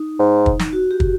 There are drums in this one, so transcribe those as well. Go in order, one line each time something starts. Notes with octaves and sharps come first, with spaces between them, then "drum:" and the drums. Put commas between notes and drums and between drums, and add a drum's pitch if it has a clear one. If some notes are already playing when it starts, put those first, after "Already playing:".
Already playing: D#4
G#2
drum: kick
drum: snare
F#4
G4
drum: kick